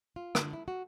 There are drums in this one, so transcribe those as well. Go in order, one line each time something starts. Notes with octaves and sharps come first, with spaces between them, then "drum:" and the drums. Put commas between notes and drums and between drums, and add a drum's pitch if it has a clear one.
F4
D3, drum: rim click
E4
F#4